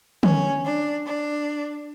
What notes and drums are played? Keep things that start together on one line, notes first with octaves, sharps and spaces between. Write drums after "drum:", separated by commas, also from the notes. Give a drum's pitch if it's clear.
C#4, drum: tom
D4
D4